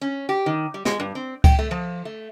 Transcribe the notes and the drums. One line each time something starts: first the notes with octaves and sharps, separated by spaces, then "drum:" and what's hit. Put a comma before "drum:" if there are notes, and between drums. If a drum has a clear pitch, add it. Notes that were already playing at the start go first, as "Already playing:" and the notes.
C#4
G4
D#3
G3
G#3, drum: snare
G2
C4
G5, drum: kick C#2, cymbal
A3
F3
A3